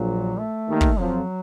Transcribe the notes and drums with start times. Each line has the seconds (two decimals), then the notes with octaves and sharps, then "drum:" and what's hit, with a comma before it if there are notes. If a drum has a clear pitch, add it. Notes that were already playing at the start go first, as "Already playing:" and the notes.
Already playing: A#1 A#2 F#3
0.38 A3
0.69 D#2 D#3
0.81 drum: kick
0.99 F2 F3 F#3